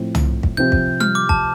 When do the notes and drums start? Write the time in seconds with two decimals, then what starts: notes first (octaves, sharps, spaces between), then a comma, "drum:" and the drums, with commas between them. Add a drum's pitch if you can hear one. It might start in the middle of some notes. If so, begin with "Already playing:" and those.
Already playing: A2 F3 C4
0.15 drum: tom
0.43 drum: kick
0.57 C3 F3 C4 G4 G6
0.72 drum: kick
1.00 F6, drum: tom G3
1.15 D6
1.29 A5, drum: kick